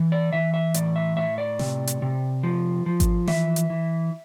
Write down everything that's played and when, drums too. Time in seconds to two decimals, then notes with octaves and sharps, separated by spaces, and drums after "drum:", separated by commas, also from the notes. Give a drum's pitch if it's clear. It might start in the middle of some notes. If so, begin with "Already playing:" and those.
Already playing: E3
0.12 D5
0.33 E3 E5
0.54 E5
0.74 A2 D5, drum: hi-hat
0.96 E5
1.17 A2 E5
1.38 D5
1.59 C3, drum: snare
1.87 drum: hi-hat
2.02 C3
2.43 F3
2.86 F3
3.00 drum: kick G#1, hi-hat
3.27 E3 E5, drum: snare
3.56 drum: hi-hat
3.70 E3